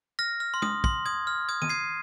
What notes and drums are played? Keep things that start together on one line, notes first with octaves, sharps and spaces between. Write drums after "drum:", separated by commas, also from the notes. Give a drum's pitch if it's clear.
F6 A#6
F6
C6
D#6, drum: tom G#3
C6, drum: kick
D#6 G#6
F6
D#6 G#6
D#7, drum: tom D#3
G#6 C7